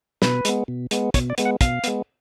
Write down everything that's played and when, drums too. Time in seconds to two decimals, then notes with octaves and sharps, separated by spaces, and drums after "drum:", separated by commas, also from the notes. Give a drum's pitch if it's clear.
0.22 B2 B4, drum: snare
0.45 G#3 B3, drum: hi-hat
0.68 B2
0.91 G#3 B3, drum: hi-hat
1.14 B2 C#5, drum: kick, hi-hat
1.30 D5
1.38 G#3 B3, drum: hi-hat
1.45 F#5
1.61 B2 F5, drum: kick, hi-hat
1.84 G#3 B3, drum: hi-hat